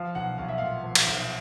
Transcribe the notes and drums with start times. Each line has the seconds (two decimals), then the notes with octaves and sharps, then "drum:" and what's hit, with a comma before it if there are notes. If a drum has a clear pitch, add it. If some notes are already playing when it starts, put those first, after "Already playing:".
Already playing: F3 F5
0.15 B1 F#5
0.38 B1 F5
0.48 E5
0.58 A#2 F5
0.84 F3
0.95 drum: cymbal
1.07 B1